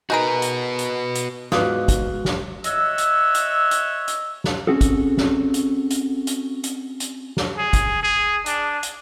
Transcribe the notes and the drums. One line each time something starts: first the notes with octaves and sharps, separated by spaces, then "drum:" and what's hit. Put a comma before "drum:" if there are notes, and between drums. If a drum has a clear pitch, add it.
D#4 F#4 G#4 A#4 B4
drum: hi-hat
drum: hi-hat
drum: hi-hat
E2 G#2 F4 F#4 B4 D6 D#6 F#6, drum: snare
drum: kick, hi-hat
drum: snare
C#5 D#5 E5 F#5 E6, drum: hi-hat
drum: hi-hat
drum: hi-hat
drum: hi-hat
drum: hi-hat
drum: snare
C4 C#4 F#4 G#4 A4
drum: kick, hi-hat
drum: snare
drum: hi-hat
drum: hi-hat
drum: hi-hat
drum: hi-hat
drum: hi-hat
drum: snare
G#4
drum: kick, hi-hat
G#4
D4, drum: hi-hat
drum: hi-hat